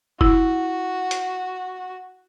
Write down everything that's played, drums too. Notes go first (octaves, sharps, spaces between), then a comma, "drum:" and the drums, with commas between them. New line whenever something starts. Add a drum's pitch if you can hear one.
E4 F#4, drum: kick F1
drum: hi-hat